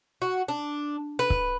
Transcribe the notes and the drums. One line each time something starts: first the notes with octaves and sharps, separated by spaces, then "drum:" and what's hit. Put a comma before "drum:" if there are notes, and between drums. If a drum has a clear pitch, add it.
F#4
D4
B4
drum: kick C#1